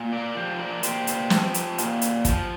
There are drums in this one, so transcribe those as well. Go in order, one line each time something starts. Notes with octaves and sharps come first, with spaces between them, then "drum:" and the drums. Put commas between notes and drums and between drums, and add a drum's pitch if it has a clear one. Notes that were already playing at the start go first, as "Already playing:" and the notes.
Already playing: A#2
A#4 D5
F3 G4 C5
A#4 D5
A#2 G4 C5, drum: hi-hat
drum: hi-hat
F3, drum: snare
drum: hi-hat
A#2, drum: hi-hat
drum: hi-hat
F3, drum: kick, hi-hat